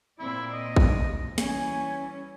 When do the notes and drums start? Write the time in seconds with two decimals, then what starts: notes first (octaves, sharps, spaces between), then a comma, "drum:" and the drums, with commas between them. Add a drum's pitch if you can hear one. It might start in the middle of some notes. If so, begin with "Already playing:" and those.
0.19 A#2 C4 E4 D5
0.53 D#5
0.76 drum: kick A1
1.38 E3 G3 C#4 G#5, drum: snare